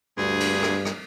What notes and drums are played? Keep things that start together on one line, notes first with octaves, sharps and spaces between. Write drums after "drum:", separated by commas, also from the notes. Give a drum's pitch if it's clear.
D2 G2 G#4
drum: cymbal
drum: rim click
drum: rim click